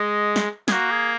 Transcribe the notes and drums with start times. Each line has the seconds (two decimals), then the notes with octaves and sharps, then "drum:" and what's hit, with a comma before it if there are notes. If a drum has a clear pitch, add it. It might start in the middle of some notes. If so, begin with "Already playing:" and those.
Already playing: G#3 D#5
0.36 drum: snare
0.68 G#4, drum: snare
0.71 A#3 F#4
0.91 G#4